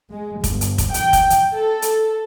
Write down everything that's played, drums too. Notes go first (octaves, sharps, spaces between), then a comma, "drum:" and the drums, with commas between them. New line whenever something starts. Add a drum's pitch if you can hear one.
G#3
G1, drum: kick, hi-hat
drum: hi-hat
drum: kick, hi-hat
G5, drum: hi-hat
drum: kick, hi-hat
drum: hi-hat
A4
drum: hi-hat